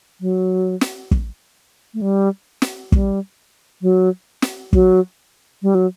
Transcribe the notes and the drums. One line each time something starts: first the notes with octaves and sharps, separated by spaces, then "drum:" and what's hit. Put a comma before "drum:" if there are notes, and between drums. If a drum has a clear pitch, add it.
F#3
drum: snare
drum: kick
A3
G3
drum: snare
G3, drum: kick
F#3
drum: snare
F#3, drum: kick
G3
F#3